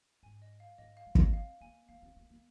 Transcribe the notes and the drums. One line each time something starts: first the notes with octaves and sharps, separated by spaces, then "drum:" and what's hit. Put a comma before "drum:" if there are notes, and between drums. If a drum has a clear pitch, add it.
G#2 G#5
D#5
F5
G#2 D#5
F5
G#3
D#5, drum: kick
C4 F5
A#3 G#5
A#3 F5
C4
A#3
A#3